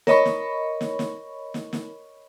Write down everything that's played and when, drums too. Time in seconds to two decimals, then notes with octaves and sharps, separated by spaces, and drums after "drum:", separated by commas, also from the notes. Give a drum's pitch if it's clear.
0.07 A#4 C#5 D#5 B5 C#6, drum: snare
0.25 drum: snare
0.81 drum: snare
0.99 drum: snare
1.54 drum: snare
1.73 drum: snare